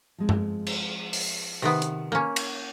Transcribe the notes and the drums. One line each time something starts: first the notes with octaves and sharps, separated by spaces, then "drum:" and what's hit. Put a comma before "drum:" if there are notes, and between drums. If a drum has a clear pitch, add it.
F3 G#3 C4
drum: tom G2
drum: cymbal
drum: open hi-hat
C3 D#3 B3
drum: hi-hat
A#3 C#4
drum: cymbal